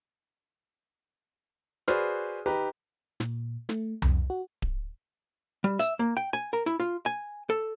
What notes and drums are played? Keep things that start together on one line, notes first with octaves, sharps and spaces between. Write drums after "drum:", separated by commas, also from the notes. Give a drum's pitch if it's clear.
F#4 G#4 B4 C5 D5 F6, drum: snare
D#4 G4 B4 A#5
A#2, drum: snare
A3, drum: snare
F2, drum: tom C2
F#4
drum: kick D1
G3
E5, drum: hi-hat
A#3
G5
G#5
A#4
E4
F4
G#5
A4